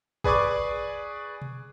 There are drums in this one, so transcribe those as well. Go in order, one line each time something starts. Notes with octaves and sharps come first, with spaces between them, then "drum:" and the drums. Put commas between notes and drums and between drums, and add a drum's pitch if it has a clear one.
G#4 B4 D5 G#5 C#6 D6, drum: kick
drum: tom B2